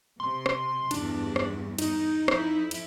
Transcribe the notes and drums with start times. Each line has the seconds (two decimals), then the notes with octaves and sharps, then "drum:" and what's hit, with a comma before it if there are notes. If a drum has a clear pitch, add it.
0.20 C3 C6
0.46 drum: rim click
0.91 E2 G2 D4, drum: cymbal
1.36 drum: rim click
1.78 D#4, drum: cymbal
2.28 F2 E4, drum: rim click
2.71 drum: cymbal